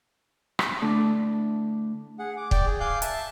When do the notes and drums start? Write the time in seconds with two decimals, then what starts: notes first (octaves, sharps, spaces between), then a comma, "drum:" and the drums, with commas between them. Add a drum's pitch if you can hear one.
0.59 drum: rim click
0.82 D3 A3 D4 E4
2.19 G#4 F#5
2.37 D6
2.51 D5 G5, drum: kick
2.66 G#4
2.80 F5 G#5 D6 F#6 G6
3.02 E5 A5, drum: hi-hat